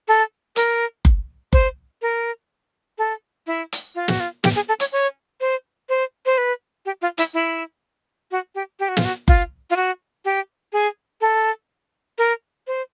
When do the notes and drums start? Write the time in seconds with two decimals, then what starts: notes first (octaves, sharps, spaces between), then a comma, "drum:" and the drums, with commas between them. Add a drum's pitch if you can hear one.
0.08 A4
0.56 A#4, drum: hi-hat
1.05 drum: kick F#1
1.53 C5, drum: kick F#1
2.02 A#4
2.98 A4
3.47 E4
3.73 drum: hi-hat
3.95 F4
4.08 F#4, drum: snare
4.20 F4
4.44 G4, drum: snare
4.56 G#4
4.68 A4
4.80 C#5, drum: hi-hat
4.92 C#5
5.41 C5
5.89 C5
6.26 C5
6.38 B4
6.86 G4
7.02 F4
7.18 E4, drum: hi-hat
7.34 E4
8.31 F#4
8.55 G4
8.80 G4
8.89 F#4
8.97 F4, drum: snare
9.05 F#4
9.28 F4, drum: kick F#1
9.70 F4
9.76 F#4
10.25 G4
10.73 G#4
11.21 A4
12.18 A#4
12.67 C5